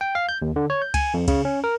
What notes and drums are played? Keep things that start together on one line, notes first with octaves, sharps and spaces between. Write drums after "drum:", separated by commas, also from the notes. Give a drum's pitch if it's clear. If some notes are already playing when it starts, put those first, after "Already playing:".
G5
F5
G6
D#2
D3
C#5
G6
G#5, drum: kick C#2, cymbal
F2
C#3, drum: kick C#2, cymbal
C#4
A#4